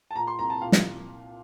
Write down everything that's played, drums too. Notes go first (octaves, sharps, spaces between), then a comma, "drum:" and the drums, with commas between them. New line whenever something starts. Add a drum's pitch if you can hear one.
A5
A#2 A#5
C6
C2 A#5
A5
A#2 F5
drum: snare